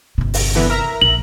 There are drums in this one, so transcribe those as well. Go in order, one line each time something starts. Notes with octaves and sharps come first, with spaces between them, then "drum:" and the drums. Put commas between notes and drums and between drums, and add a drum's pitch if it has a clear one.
G1 C3
drum: open hi-hat
D3 E3 B3
A#4 E5 A#5
A#1 F#7